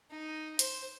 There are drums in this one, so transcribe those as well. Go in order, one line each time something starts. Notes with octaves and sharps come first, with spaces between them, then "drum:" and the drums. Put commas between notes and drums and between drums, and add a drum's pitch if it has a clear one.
D#4
C5, drum: hi-hat